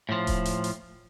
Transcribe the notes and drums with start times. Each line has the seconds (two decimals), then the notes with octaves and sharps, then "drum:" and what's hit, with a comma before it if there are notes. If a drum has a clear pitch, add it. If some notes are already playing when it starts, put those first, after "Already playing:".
0.09 A2 F3
0.27 drum: kick D#1, hi-hat
0.45 drum: hi-hat
0.64 drum: hi-hat